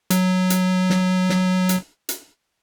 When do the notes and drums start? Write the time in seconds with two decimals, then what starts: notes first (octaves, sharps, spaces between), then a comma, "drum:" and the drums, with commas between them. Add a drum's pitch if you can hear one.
0.10 F#3, drum: hi-hat
0.50 drum: hi-hat
0.90 drum: snare
1.29 drum: snare
1.69 drum: hi-hat
2.09 drum: hi-hat